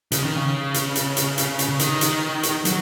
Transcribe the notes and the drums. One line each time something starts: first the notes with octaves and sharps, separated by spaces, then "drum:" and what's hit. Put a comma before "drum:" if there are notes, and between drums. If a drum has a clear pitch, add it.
C#3, drum: hi-hat
D#3
C#3
drum: hi-hat
drum: hi-hat
drum: hi-hat
drum: hi-hat
drum: hi-hat
C#3
D#3, drum: hi-hat
drum: hi-hat
drum: hi-hat
F#3, drum: hi-hat